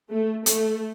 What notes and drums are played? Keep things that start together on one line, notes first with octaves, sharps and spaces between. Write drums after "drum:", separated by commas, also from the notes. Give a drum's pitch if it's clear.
A3
A3, drum: hi-hat